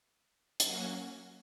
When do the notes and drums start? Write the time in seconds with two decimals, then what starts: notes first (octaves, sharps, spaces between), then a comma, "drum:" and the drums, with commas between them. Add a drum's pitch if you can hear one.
0.60 F#3 A#3 C#4 F#4, drum: hi-hat